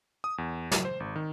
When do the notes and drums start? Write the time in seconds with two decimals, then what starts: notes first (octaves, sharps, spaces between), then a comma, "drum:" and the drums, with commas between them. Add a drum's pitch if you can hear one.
0.24 D#6
0.38 E2
0.71 F#3, drum: snare
0.85 C5
1.00 G#1
1.16 D#3